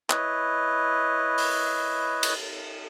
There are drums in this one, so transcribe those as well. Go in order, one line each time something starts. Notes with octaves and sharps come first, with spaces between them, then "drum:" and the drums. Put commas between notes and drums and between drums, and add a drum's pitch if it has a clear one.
E4 B4 C#5 D#5, drum: clap
drum: open hi-hat
drum: cymbal